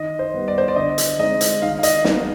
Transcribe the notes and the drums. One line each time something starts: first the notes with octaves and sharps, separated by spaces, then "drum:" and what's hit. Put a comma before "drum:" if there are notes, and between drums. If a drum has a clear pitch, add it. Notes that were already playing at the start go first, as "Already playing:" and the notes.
Already playing: D#3 D#5
C5
G3 B3
D5
C5
D5
D3 D#5
drum: hi-hat
G#3 C4 D#4 D#5
drum: hi-hat
D#3 F5
F5
D#5, drum: hi-hat
G#3 B3 D#4 D#5, drum: snare